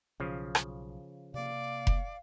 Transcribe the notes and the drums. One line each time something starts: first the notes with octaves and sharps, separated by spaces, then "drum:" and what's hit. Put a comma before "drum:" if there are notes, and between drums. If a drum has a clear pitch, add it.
B1 C#3 F3
drum: rim click
C3 A#3 D5 F5
drum: kick F1